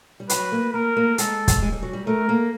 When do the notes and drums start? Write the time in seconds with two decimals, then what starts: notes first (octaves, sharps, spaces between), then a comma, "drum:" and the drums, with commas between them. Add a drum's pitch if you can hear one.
0.20 G3
0.29 F#3 B4, drum: hi-hat
0.52 A#3
0.74 A#3 A#4
0.97 A#3
1.18 G#3 A4, drum: hi-hat
1.48 drum: kick, hi-hat
1.62 G#3
1.72 G3
1.83 F#3
1.93 G3
2.07 A3 A#4
2.29 A#3